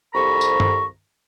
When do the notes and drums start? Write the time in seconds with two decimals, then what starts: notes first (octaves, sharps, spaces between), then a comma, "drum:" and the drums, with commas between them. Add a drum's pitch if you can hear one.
0.14 C2 F2 C3 A#5 B5 C#6
0.41 drum: tambourine
0.60 drum: tom G2